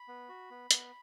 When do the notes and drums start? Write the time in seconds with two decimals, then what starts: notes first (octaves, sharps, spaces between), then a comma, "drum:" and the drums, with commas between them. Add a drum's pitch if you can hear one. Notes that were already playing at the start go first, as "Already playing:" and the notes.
Already playing: B5
0.08 B3
0.29 F#4
0.50 B3
0.71 B3, drum: hi-hat